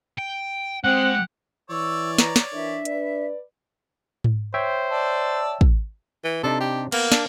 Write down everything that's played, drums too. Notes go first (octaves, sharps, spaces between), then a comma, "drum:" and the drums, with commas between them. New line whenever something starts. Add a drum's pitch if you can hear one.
G5
G#3 C4 G4 F#5
E3 C#5 D5 C#6 E6
B4 A#5, drum: snare
drum: snare
E3 D4 A#4 E5
B4 D5, drum: hi-hat
drum: tom G#2
C5 C#5 E5 G5
D5 A5 E6
drum: kick
E3
C3 D4 D#4 A4
G4
A#3 B3, drum: cymbal
D4, drum: snare